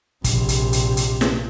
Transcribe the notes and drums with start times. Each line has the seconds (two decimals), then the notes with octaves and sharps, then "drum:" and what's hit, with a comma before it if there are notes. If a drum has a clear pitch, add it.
0.24 A#1 C3, drum: kick, hi-hat
0.49 drum: hi-hat
0.73 drum: hi-hat
0.97 drum: hi-hat
1.21 drum: snare